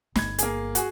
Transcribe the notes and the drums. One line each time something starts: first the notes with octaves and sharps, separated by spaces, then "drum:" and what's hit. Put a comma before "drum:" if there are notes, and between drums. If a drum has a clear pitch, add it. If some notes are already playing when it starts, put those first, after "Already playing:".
G1 B5 G#6, drum: snare
A#3 G#4, drum: hi-hat
F#4 G#4, drum: hi-hat